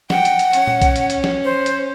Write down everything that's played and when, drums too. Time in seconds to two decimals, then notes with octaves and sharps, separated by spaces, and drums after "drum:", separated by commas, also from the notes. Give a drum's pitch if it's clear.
0.10 F#5 G5, drum: snare
0.25 drum: hi-hat
0.39 drum: hi-hat
0.53 C#4, drum: hi-hat
0.67 drum: tom A#2
0.82 drum: kick B1, hi-hat
0.96 drum: hi-hat
1.10 drum: hi-hat
1.24 drum: snare
1.44 C5
1.66 drum: hi-hat